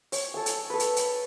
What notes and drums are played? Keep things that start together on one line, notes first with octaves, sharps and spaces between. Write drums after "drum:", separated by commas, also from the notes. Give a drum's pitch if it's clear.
C#5, drum: open hi-hat
A4 G#5
drum: hi-hat
A4 B4
drum: hi-hat
drum: hi-hat